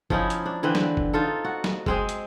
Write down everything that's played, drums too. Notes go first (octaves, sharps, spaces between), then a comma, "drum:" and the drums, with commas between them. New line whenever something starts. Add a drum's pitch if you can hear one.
F3 C#4 D#4 E4, drum: kick F#1
drum: hi-hat
D4
D3 E3 C4 B4
drum: snare
drum: kick F#1
D#4 F4 A4
F#4
drum: snare
G#3 C4 G#4, drum: kick F#1
drum: hi-hat